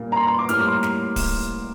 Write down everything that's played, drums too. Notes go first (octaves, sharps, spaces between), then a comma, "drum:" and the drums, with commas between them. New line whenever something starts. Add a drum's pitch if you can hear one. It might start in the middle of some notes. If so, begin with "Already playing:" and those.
Already playing: A#2 G3 A#3
A#5
C6
C6
D6
A2 G3 A#3 F6, drum: hi-hat
D6
C6
A#5
drum: snare
drum: kick D1, open hi-hat